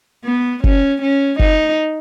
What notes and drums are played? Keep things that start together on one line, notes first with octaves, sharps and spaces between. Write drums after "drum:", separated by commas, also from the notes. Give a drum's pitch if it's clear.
B3
C#4, drum: kick F#1
C#4
D#4, drum: kick F#1